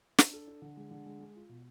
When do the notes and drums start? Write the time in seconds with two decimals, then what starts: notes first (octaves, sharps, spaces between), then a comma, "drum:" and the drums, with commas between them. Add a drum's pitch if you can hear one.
0.18 D4, drum: snare
0.33 A4
0.48 D4
0.62 D3
0.77 G#3
0.91 D3
1.06 G#3
1.20 G#3
1.36 F4
1.49 B2